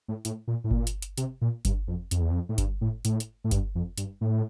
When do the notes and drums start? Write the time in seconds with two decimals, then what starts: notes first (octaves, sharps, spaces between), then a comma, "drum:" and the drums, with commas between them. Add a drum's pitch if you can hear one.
0.08 A2
0.25 A2, drum: hi-hat
0.48 A#2
0.64 A2
0.71 A#2, drum: kick G1
0.87 drum: hi-hat
1.02 drum: hi-hat
1.18 C3, drum: hi-hat
1.42 A#2
1.65 G2, drum: kick G1, hi-hat
1.88 F2
2.11 F2, drum: hi-hat
2.22 E2
2.31 F2
2.49 A2
2.58 G2, drum: kick G1, hi-hat
2.81 A2
3.05 A2, drum: hi-hat
3.20 drum: hi-hat
3.44 A2
3.51 G2, drum: kick G1, hi-hat
3.75 F2
3.98 G2, drum: hi-hat
4.21 A2